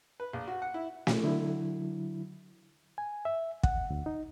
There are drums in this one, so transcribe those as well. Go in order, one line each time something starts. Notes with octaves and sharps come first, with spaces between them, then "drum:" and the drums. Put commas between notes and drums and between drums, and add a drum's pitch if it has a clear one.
B4
A#1
F#4
F#5
E4
drum: snare
D3 F#3 E4
G#5
E5
F#5, drum: kick
D2
D#4